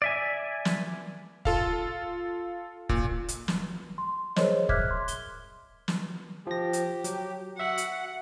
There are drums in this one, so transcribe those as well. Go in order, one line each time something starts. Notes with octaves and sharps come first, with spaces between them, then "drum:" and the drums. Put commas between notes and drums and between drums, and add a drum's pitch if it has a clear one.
D5 E5 G#5
drum: snare
F4 A4 F5, drum: kick
A#2, drum: kick
drum: hi-hat
drum: snare
C6
G#4 A#4 C5 C#5 D#5, drum: snare
E5 D6 F6 F#6 G#6 B6, drum: kick
C6
G7, drum: hi-hat
drum: snare
F3 G4 A#6
drum: hi-hat
F#3, drum: hi-hat
F#4 E5 F#5
drum: hi-hat